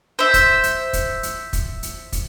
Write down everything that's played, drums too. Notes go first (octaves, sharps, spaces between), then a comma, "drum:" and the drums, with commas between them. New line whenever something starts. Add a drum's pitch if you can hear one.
C5 E5
drum: kick, hi-hat
drum: hi-hat
drum: kick, hi-hat
drum: hi-hat
drum: kick, hi-hat
drum: hi-hat
drum: kick, hi-hat